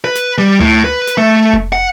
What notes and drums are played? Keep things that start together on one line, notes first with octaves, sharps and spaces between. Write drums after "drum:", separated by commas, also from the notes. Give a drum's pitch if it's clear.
B4
drum: snare
G3
A2, drum: tom D2
B4
drum: snare
A3
drum: kick F1
F#5